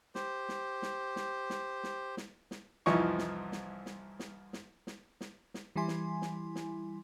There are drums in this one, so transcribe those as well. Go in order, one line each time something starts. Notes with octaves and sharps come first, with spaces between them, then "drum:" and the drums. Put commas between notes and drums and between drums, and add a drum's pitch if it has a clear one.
G4 C5, drum: snare
drum: snare
drum: snare
drum: snare
drum: snare
drum: snare
drum: snare
drum: snare
C2 F2 E3 F3 D#4 C#6, drum: snare
drum: snare
drum: snare
drum: snare
drum: snare
drum: snare
drum: snare
drum: snare
drum: snare
E3 G3 E4 G#5 C6
drum: snare
drum: snare
drum: snare